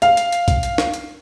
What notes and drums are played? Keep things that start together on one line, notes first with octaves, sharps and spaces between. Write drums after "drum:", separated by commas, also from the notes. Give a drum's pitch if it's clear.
F5, drum: hi-hat
drum: hi-hat
drum: hi-hat
drum: kick B1, hi-hat
drum: hi-hat
drum: snare
drum: hi-hat